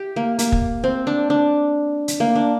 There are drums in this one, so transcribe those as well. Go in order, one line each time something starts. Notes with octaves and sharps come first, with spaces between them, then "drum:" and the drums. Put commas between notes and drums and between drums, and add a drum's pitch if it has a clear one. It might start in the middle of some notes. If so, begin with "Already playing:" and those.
Already playing: G4
A#3
A#3, drum: hi-hat
drum: kick
C4
D4
D4
drum: hi-hat
A#3
D4